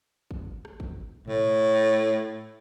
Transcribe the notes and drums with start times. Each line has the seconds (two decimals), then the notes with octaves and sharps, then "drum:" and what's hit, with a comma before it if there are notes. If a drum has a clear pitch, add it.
0.31 drum: kick
0.65 drum: rim click
0.80 drum: kick
1.28 A2, drum: tom A#2